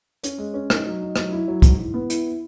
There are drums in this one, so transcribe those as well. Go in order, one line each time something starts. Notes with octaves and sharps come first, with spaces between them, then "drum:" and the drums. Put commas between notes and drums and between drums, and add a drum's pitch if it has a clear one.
C#4, drum: hi-hat
G#3
C#4
D#4, drum: rim click
F#3
D#4
F#3, drum: rim click
E4
F#3
G#2, drum: kick, hi-hat
E3
B3
E4, drum: hi-hat